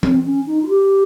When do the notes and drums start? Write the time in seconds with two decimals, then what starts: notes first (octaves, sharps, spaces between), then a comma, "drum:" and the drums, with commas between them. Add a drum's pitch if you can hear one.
0.03 C4, drum: tom
0.25 C#4
0.47 D#4
0.63 F4
0.68 G4